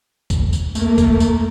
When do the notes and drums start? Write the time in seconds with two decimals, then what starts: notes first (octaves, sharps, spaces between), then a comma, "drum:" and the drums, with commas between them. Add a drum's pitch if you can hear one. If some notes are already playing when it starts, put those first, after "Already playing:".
0.30 drum: kick C2, tambourine
0.53 drum: tambourine
0.75 F2 A3 A#3 A#4, drum: tambourine
0.98 drum: kick C2, tambourine
1.20 drum: tambourine